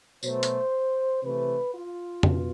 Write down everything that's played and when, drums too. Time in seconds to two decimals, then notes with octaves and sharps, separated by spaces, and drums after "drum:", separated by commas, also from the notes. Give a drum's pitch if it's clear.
0.23 B2 F#3 A3 C5, drum: tambourine
0.43 drum: hi-hat
1.23 C3 E3 A3 B4
1.73 F4
2.23 B2, drum: tom